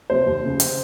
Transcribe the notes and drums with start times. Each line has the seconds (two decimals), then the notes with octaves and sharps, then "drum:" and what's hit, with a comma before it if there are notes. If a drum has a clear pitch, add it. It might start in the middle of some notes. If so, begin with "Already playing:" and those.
0.10 C3 F3 C5
0.26 D#2
0.43 C#3 F3
0.60 drum: hi-hat